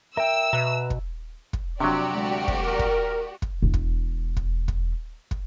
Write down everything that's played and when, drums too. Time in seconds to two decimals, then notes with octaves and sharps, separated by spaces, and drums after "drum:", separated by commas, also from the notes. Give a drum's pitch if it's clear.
0.17 A#4 E5 G5 E6
0.53 B2 B4 A#5
0.90 drum: kick
1.53 drum: kick
1.80 F2 C3 F#3 D4 F#4 G4 D5 C#6
2.15 D2 G#3
2.48 drum: kick
2.63 A#4
2.79 drum: kick
3.42 drum: kick
3.62 E1 E4
3.74 drum: kick
4.37 drum: kick
4.68 drum: kick
5.31 drum: kick